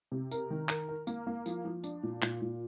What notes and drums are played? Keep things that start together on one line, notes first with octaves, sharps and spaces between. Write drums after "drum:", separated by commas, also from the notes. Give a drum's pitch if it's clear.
C3
A#4, drum: tambourine
D#3
A#4, drum: clap
A#4
A#3, drum: tambourine
A#3
F3, drum: tambourine
F3
D4, drum: tambourine
A#2
A#2, drum: clap
A#2